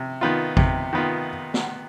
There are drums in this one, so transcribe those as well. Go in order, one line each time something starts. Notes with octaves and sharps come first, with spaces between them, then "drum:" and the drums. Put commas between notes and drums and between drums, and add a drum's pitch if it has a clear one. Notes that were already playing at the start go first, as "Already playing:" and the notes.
Already playing: C3
D#3 B3 F4
C3, drum: kick
D#3 B3 F4
drum: snare